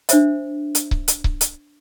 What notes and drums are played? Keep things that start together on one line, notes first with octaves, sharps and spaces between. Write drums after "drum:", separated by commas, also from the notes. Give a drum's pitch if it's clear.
D4 C5 E5, drum: hi-hat
drum: hi-hat
drum: kick C#1
drum: hi-hat
drum: kick C#1
drum: hi-hat